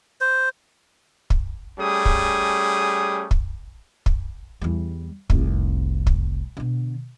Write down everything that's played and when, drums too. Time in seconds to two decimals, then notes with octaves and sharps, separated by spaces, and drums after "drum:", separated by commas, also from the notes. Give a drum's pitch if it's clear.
0.21 C5
1.30 drum: kick
1.79 G3 A3 C#4 G#4 D#6
2.05 drum: kick
3.31 drum: kick
4.06 drum: kick
4.61 E2 G3
5.30 F1 C2, drum: kick
6.07 drum: kick
6.57 B2 D3